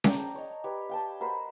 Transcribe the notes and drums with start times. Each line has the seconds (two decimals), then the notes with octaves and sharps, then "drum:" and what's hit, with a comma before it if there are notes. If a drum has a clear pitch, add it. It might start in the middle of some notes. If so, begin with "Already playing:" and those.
0.04 D4 A#4 G5 A#5, drum: snare C#4
0.35 C#5 D#5
0.64 G4 B4 C#5
0.89 F5 G5 A5
1.20 F#4 A#4 C5 B5